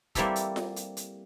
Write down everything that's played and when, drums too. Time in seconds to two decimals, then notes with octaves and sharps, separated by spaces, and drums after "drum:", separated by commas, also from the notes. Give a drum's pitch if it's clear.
0.15 G3 A#3 C4 E4 G4 A4, drum: kick, hi-hat
0.36 drum: hi-hat
0.56 drum: snare F4
0.76 drum: hi-hat
0.97 drum: hi-hat